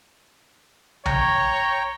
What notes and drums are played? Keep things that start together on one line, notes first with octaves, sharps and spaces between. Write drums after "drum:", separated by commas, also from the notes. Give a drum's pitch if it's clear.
C#5 G5 A#5, drum: tom B1